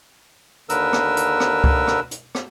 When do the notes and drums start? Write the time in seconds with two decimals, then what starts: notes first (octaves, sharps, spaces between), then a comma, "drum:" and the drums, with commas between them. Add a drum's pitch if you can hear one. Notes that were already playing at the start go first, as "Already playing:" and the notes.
0.69 D#2 D3 A#4 B4 E6, drum: hi-hat
0.93 drum: rim click
1.17 drum: hi-hat
1.40 drum: rim click
1.64 drum: kick C#2
1.87 drum: rim click
2.11 drum: hi-hat
2.35 drum: rim click